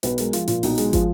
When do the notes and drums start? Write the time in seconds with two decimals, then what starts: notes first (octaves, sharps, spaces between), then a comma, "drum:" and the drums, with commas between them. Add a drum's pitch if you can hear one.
0.03 B1 B4, drum: hi-hat
0.18 G#3 A#4, drum: hi-hat
0.33 F3 F4, drum: hi-hat
0.48 A#2 F4, drum: hi-hat
0.63 B1 D#4, drum: open hi-hat
0.78 G#3, drum: hi-hat
0.93 F3 F4, drum: kick, hi-hat